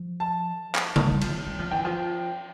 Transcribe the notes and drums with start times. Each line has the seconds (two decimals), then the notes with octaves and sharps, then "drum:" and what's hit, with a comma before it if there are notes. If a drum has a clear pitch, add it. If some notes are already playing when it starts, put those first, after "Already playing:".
Already playing: F3
0.20 A5
0.75 drum: clap
0.96 G3, drum: tom C#3
1.11 G3
1.21 F3, drum: cymbal
1.46 G3
1.59 F3
1.71 E3 G5
1.85 F3